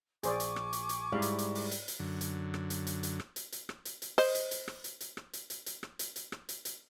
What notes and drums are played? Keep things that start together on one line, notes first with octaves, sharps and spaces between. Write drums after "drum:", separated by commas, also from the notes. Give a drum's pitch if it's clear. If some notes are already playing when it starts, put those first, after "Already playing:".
A#1 G#4 C5 D5 G#5 C#6 D6, drum: hi-hat
drum: hi-hat
drum: rim click
drum: hi-hat
drum: hi-hat
G#2 G3 E4 F5
drum: hi-hat
drum: hi-hat
drum: open hi-hat
drum: hi-hat
drum: hi-hat
F#2 D3
drum: hi-hat
drum: rim click
drum: hi-hat
drum: hi-hat
drum: hi-hat
drum: rim click
drum: hi-hat
drum: hi-hat
drum: rim click
drum: hi-hat
drum: hi-hat
C5 D#5, drum: open hi-hat
drum: hi-hat
drum: hi-hat
drum: rim click
drum: hi-hat
drum: hi-hat
drum: rim click
drum: hi-hat
drum: hi-hat
drum: hi-hat
drum: rim click
drum: hi-hat
drum: hi-hat
drum: rim click
drum: hi-hat
drum: hi-hat